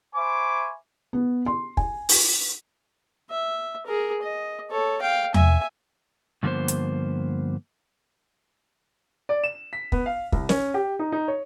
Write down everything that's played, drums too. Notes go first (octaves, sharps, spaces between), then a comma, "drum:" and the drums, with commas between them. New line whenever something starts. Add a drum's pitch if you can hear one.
C5 E5 G#5 B5 C#6 D6
B3
C6
G#5, drum: kick
drum: open hi-hat
E5
G#4 A#4
D#5
A4 C#5
F5 G5
E5 G#5, drum: tom E2
G2 D3 F3 A#3 B3 C5
drum: hi-hat
D5
E7
B6
B3, drum: kick
F5
C2, drum: kick
C#4, drum: snare
G4
D#4
D#4
C#5